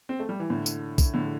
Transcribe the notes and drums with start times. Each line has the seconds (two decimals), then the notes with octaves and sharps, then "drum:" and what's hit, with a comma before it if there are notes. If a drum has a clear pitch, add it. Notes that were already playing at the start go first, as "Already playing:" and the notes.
0.09 C4
0.19 A3
0.29 G3
0.40 E3
0.50 A2 D3
0.66 drum: tambourine
0.98 drum: kick, tambourine
1.14 A2 D3